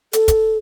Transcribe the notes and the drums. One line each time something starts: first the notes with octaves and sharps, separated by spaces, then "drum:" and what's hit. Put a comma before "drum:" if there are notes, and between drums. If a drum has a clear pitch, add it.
A4, drum: hi-hat
drum: kick, hi-hat